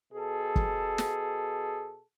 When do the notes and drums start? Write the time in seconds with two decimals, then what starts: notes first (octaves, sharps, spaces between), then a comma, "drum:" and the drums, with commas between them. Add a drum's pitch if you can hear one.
0.13 B2 G#4 A4
0.56 drum: kick
0.98 drum: snare